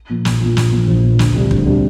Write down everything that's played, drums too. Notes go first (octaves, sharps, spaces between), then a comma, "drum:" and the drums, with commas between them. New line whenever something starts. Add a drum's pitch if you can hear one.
A#2 F3
A#1, drum: snare
A#2 F3
A#1, drum: snare
A#2 F3
A#1
A#2 F3
D2, drum: snare
C3 G3 D4
D2, drum: kick
C3 G3 D4